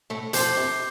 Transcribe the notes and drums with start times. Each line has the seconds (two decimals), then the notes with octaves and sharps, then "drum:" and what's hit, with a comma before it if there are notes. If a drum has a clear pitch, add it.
0.10 A2 A3
0.33 F2 F3 D6 G6 C7 G7, drum: hi-hat
0.57 C3